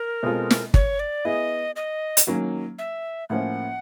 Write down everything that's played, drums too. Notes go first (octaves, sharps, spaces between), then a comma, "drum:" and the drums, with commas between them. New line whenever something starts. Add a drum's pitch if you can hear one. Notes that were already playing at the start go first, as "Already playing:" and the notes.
Already playing: A#4
B2 G#3 C4 F4 A4
drum: snare
C#5, drum: kick
D5
B3 E4 G#4 D#5
D#5
drum: hi-hat
D#3 F#3 A#3 C#4
E5
A2 F3 A#3 C#4 E4 F#5